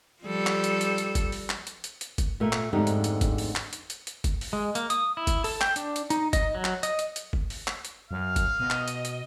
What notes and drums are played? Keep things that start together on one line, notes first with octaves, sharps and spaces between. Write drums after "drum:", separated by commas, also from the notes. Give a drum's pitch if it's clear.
F3 G3 A4
drum: clap
drum: hi-hat
drum: hi-hat
drum: hi-hat
drum: kick G1, hi-hat
drum: open hi-hat
drum: clap
drum: hi-hat
drum: hi-hat
drum: hi-hat
drum: kick G1, hi-hat
A#2 A3 A#3
drum: clap
F2 G#2 D3 A3 D#4 G4
drum: hi-hat
drum: hi-hat
drum: kick G1, hi-hat
drum: open hi-hat
drum: clap
drum: hi-hat
drum: hi-hat
drum: hi-hat
drum: kick G1, hi-hat
drum: open hi-hat
G#3
A#3, drum: hi-hat
D#6, drum: hi-hat
E4
drum: kick G1, hi-hat
A4, drum: open hi-hat
G5, drum: clap
D4, drum: hi-hat
drum: hi-hat
D#4, drum: hi-hat
D#5, drum: kick G1, hi-hat
F#3
drum: clap
D#5, drum: hi-hat
drum: hi-hat
drum: hi-hat
drum: kick G1
drum: open hi-hat
drum: clap
drum: hi-hat
F#2 F5
drum: kick G1, hi-hat
B2 D#5
drum: clap
drum: hi-hat
drum: hi-hat